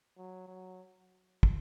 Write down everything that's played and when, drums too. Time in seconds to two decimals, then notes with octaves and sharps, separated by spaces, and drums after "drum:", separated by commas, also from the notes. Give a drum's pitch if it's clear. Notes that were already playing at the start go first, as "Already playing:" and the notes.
0.17 F#3
0.48 F#3
1.43 drum: kick